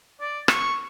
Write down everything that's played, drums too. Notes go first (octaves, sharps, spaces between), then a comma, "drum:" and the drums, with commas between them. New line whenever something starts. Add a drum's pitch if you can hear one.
D5
C#6, drum: rim click